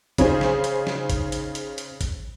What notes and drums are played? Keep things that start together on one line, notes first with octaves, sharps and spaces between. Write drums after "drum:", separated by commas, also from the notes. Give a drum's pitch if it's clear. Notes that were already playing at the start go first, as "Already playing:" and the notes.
C#3 C#4 D#4 G#4 C5, drum: kick G#1, hi-hat
drum: snare
drum: hi-hat
drum: snare
drum: kick G#1, hi-hat
drum: hi-hat
drum: hi-hat
drum: hi-hat
drum: kick G#1, hi-hat